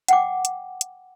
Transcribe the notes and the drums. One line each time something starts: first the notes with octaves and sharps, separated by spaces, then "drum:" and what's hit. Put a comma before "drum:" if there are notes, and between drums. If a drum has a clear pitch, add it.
F#5 G5 D6, drum: hi-hat
drum: hi-hat
drum: hi-hat